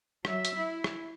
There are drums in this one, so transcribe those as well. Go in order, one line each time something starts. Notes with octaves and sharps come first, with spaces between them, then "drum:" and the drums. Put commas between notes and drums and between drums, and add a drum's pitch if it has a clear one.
F#3 E5, drum: rim click
drum: hi-hat
E4
drum: rim click